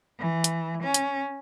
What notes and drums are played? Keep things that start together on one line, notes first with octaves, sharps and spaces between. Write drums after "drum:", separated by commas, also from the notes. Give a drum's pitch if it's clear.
E3
drum: hi-hat
C#4
drum: hi-hat